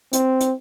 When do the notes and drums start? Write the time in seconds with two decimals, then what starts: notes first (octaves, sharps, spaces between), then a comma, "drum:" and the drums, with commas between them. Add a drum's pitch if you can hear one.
0.13 C4, drum: hi-hat
0.41 drum: hi-hat